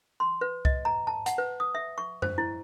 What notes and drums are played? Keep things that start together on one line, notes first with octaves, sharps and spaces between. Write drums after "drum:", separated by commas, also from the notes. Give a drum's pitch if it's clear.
C6
B4
D#5, drum: kick C2
A#5
A5
F#5, drum: hi-hat
B4
D#6
E5
C#6
C5, drum: tom F#2
E4